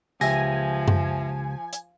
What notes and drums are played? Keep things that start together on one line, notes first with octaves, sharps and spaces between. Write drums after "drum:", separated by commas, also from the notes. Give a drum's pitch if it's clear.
C#2 F3 G4 E5 G#5 A#6, drum: tambourine
drum: tom F#2
drum: hi-hat